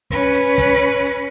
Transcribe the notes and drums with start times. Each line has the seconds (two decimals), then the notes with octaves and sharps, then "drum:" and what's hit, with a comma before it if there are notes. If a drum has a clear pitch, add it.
0.10 C#4 B4, drum: kick
0.34 drum: hi-hat
0.58 drum: kick, hi-hat
1.05 drum: hi-hat